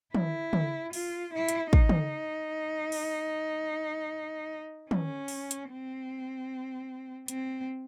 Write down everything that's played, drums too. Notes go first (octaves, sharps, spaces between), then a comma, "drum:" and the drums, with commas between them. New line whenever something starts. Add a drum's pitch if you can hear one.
E4, drum: tom
drum: tom
F4, drum: open hi-hat
E4
drum: hi-hat
D#4, drum: kick
drum: tom
drum: open hi-hat
C#4, drum: tom
drum: open hi-hat
drum: hi-hat
C4
C4, drum: hi-hat